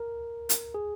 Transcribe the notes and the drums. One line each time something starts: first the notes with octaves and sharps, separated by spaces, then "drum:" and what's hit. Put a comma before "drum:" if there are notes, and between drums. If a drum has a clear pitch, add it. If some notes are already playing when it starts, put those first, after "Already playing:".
Already playing: A#4
drum: hi-hat
G#4